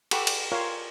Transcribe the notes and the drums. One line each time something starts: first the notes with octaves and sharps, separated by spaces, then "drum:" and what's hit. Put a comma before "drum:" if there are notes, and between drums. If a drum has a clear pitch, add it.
G4 A4 F#5 B5 C#6, drum: cymbal
drum: cymbal
F4 A#4 C#5 F5 G5